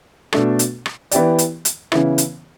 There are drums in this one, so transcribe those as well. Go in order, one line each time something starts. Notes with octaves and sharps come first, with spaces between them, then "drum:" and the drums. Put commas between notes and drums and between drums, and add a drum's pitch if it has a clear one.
B2 A3 D4 A4, drum: rim click
drum: hi-hat
drum: rim click
E3 B3 E4 G4 D5, drum: hi-hat
drum: hi-hat
drum: hi-hat
C#3 E3 B3 E4, drum: rim click
drum: hi-hat